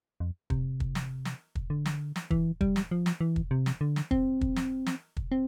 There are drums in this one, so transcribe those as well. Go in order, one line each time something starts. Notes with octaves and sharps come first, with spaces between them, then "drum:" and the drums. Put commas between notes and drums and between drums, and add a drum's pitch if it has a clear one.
F2
C3, drum: kick
drum: kick
drum: snare
drum: snare
drum: kick
D3
drum: snare
drum: snare
E3, drum: kick
G3, drum: kick
drum: snare
F3
drum: snare
E3
drum: kick
C3
drum: snare
D3
drum: snare
C4, drum: kick
drum: kick
drum: snare
drum: snare
drum: kick
C4